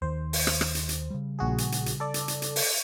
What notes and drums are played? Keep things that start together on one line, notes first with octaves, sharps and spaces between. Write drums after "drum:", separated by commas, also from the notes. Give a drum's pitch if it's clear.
D#2 D#3 C5
drum: open hi-hat
drum: rim click
drum: rim click
drum: hi-hat
drum: hi-hat
C#3 G3
A#1 F#4 G#4
drum: hi-hat
drum: hi-hat
drum: hi-hat
A4 D5
drum: hi-hat
drum: hi-hat
drum: hi-hat
drum: open hi-hat